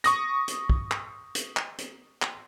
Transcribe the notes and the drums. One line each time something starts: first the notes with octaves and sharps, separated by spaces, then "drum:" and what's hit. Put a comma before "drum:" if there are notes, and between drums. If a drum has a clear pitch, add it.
C#6 D#6 A#6, drum: hi-hat
drum: hi-hat
drum: kick
drum: clap
drum: hi-hat
drum: clap
drum: hi-hat
drum: clap